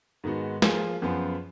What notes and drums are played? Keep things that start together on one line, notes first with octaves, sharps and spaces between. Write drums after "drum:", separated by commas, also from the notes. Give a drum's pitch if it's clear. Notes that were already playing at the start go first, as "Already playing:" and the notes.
G#2 D#3 G#3 B3 F#4
F3 A#3 F4 G#4, drum: snare
F#2 F3 B3 F4 G#4